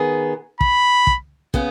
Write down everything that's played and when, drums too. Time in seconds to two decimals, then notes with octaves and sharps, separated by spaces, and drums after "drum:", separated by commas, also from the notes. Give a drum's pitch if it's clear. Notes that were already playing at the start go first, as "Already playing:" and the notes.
Already playing: D#3 B3 G#4
0.61 B5, drum: kick
1.07 drum: kick
1.54 C#3 B3, drum: kick